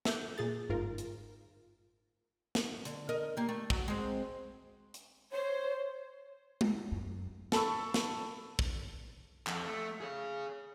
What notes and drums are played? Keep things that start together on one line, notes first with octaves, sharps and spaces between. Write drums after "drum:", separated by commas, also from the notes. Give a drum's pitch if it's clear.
A4 E5 D6 F#6 G6, drum: snare
A#2 G#4 A6
G1 G#2 F4 A#4
drum: hi-hat
drum: snare
D3, drum: hi-hat
A#4 D#5
A#3 G4
A3
F#3, drum: kick
G#3 C4
drum: hi-hat
C5 C#5
drum: tom G#3
F#2
A4 A5 B5 C#6 E6, drum: snare
drum: snare
drum: kick
F2 A4, drum: clap
A3
G#4 C#5